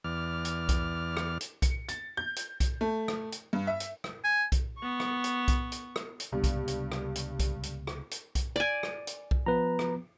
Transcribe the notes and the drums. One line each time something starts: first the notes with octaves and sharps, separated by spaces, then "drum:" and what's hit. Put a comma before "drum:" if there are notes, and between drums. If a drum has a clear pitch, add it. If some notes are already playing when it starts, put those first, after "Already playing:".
E2 D5 F6
drum: hi-hat
drum: kick B1, hi-hat
drum: rim click
drum: hi-hat
C#7, drum: kick B1, hi-hat
A6, drum: hi-hat
G6
drum: hi-hat
drum: kick B1, hi-hat
A3
drum: rim click
drum: hi-hat
G2
E5
drum: hi-hat
drum: rim click
G#5
drum: kick B1, hi-hat
B3 C#6
drum: rim click
drum: hi-hat
drum: kick B1, hi-hat
drum: hi-hat
drum: rim click
drum: hi-hat
C#2 G2 C3 B3
drum: kick B1, hi-hat
drum: hi-hat
drum: rim click
drum: hi-hat
drum: kick B1, hi-hat
drum: hi-hat
drum: rim click
drum: hi-hat
drum: kick B1, hi-hat
D5 G#5
drum: rim click
drum: hi-hat
drum: kick B1
F3 B3 B4 A#5
drum: rim click